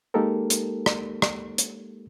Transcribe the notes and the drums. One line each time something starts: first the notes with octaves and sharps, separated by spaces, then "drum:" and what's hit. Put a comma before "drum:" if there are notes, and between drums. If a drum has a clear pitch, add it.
G#3 A#3 D#4 G4 A4 A#4
drum: hi-hat
drum: rim click
drum: rim click
drum: hi-hat